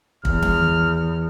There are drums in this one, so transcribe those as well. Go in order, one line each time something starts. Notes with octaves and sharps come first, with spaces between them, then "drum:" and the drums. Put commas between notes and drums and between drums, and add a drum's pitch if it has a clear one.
E2 F6, drum: kick
drum: tom D#3